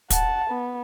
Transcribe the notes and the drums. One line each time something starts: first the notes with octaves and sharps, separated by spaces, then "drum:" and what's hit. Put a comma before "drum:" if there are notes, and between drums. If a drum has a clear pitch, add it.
F#5 A5, drum: kick, hi-hat
B3